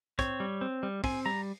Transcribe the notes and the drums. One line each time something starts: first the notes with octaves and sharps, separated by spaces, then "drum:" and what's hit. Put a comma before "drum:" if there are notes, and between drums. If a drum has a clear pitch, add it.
C4 C#5, drum: kick, hi-hat
G3
C4
G3
C4 G#5, drum: kick, open hi-hat
G3 A#5